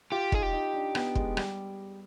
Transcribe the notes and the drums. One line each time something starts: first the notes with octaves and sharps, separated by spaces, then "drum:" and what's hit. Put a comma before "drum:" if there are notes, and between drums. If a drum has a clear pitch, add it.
F4 G4
D#4 G#4, drum: kick
G4
D#4
D4
B3, drum: rim click
G#3, drum: kick
G3, drum: rim click